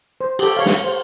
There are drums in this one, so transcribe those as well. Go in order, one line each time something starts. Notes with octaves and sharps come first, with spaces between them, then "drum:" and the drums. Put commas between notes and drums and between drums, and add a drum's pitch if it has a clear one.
C5
G4 A4, drum: cymbal
C#5 F5
drum: snare
C5